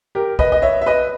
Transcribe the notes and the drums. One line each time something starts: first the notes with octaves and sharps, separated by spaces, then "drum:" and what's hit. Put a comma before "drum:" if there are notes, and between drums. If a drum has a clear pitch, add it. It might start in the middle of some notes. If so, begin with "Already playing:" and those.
G4 A#4
B4 D#5, drum: kick
D#5
C#5 E5
E5
B4 D#5